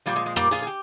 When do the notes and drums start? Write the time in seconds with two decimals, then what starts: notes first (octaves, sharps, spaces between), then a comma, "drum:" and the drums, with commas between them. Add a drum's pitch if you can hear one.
0.06 A#2 F3 G3
0.16 G#3
0.26 G#3
0.36 G3 A#3, drum: rim click
0.51 F4 G#4, drum: hi-hat
0.62 G#4
0.67 G4